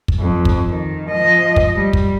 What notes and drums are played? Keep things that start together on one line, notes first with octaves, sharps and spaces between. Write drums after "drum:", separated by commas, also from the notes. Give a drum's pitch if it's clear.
drum: kick
F2
drum: kick
D#3
F3 D#5
drum: kick
G3
drum: kick